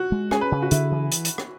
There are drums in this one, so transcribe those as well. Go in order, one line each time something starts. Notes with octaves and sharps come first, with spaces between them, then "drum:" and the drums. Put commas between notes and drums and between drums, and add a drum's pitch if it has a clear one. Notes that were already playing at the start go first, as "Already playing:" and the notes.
Already playing: F#4
G#3
C#4 G#4, drum: rim click
B4
C#3
F#4
C#3 E4, drum: hi-hat
E3
drum: hi-hat
drum: hi-hat
drum: rim click